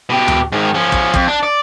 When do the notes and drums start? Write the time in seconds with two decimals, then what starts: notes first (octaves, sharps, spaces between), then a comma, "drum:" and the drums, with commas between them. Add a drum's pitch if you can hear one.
0.09 B2 G4
0.28 drum: tom D2
0.52 G#2 D#3
0.75 F3 C#4
0.92 drum: kick
1.14 F2, drum: kick
1.27 D4
1.43 D5